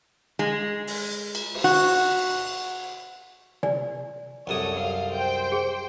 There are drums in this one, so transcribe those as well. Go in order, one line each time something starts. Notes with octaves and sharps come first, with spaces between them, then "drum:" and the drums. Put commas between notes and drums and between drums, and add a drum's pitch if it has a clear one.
G#3
drum: open hi-hat
drum: cymbal
drum: cymbal
F#4
D5 G#5, drum: tom C3
C2 F#2 A4 C#5 D#6
A4 F5
C5 G5
G#4